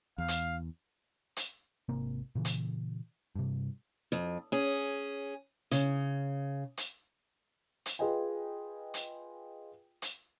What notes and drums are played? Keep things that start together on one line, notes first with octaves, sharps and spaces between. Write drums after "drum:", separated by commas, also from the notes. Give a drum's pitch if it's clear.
E2 F5
drum: hi-hat
drum: hi-hat
G#1 C3 A#3
A#2 C#3 E3
drum: hi-hat
G2 C3
F2
C#4 G#4
C#3, drum: hi-hat
drum: hi-hat
drum: hi-hat
F4 G#4 B4 D#5 G5 G#5
drum: hi-hat
drum: hi-hat